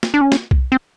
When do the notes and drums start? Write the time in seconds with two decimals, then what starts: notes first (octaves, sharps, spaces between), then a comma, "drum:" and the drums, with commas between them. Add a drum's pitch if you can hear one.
0.03 drum: snare
0.14 D4
0.21 C#4
0.32 drum: snare
0.51 drum: kick B1
0.72 C4